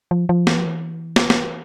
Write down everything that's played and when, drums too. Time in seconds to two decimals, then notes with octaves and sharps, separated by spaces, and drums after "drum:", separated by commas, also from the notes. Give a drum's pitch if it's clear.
0.11 F3
0.29 F3
0.47 E3, drum: snare
0.57 F3
0.66 E3
1.16 drum: snare
1.30 drum: snare